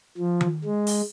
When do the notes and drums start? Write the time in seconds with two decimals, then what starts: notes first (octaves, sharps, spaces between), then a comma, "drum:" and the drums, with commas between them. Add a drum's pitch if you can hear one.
0.18 F3
0.41 drum: tom D#3
0.64 G#3
0.87 drum: open hi-hat